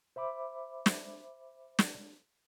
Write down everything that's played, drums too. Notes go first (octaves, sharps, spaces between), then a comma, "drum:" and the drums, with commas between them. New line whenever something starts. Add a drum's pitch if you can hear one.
C5 E5 B5 D6
drum: snare
drum: snare